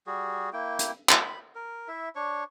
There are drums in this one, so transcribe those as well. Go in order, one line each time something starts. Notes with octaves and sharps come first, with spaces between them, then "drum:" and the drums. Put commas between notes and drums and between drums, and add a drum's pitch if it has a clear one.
G3 F#4 G#4
A#3 E4 G5
drum: hi-hat
B5, drum: clap
A#4
E4 E5
D4 C#5 C#6